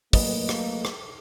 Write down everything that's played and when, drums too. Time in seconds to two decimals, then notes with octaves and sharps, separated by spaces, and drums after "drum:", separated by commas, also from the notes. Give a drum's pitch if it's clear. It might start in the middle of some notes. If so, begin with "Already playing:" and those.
0.13 F#3 A3 A#3 B4 D#5, drum: kick, open hi-hat
0.49 drum: rim click
0.85 drum: rim click